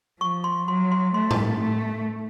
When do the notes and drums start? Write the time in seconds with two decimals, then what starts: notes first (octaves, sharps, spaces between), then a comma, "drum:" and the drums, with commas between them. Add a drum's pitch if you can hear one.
0.21 F3 C#6
0.44 C6
0.68 F#3 C6
0.92 C6
1.14 A3 C6
1.31 drum: tom A2
1.61 A3